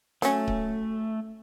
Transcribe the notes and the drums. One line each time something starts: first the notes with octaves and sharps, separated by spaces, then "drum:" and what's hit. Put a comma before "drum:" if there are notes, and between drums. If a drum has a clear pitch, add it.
F#3 A3 C#4, drum: hi-hat
drum: kick C#1